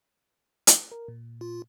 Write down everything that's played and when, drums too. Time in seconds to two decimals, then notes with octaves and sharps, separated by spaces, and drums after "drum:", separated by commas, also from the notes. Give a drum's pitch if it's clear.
0.67 drum: hi-hat
0.92 A#4
1.08 A#2
1.41 F4